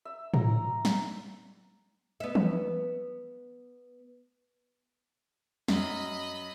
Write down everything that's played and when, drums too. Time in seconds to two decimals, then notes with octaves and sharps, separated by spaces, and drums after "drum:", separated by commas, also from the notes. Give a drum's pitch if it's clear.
0.05 E5
0.34 A#5, drum: tom A2
0.85 drum: snare
2.20 B3 E5
2.35 drum: tom E3
5.68 F#2 D#5 B5, drum: snare